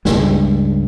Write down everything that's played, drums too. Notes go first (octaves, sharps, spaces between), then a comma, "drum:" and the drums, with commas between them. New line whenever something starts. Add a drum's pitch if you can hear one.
C#2 G2, drum: snare